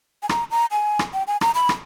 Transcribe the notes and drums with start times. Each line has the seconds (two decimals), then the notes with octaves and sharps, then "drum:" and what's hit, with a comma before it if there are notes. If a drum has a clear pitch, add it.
0.23 G#5
0.29 A#5, drum: rim click
0.51 A#5
0.71 G#5
0.99 drum: rim click
1.13 G5
1.27 G#5
1.41 A#5, drum: rim click
1.55 B5
1.69 drum: rim click